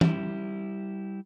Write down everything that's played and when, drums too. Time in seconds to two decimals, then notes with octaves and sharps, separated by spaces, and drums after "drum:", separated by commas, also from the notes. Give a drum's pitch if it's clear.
0.01 G3 E4, drum: tom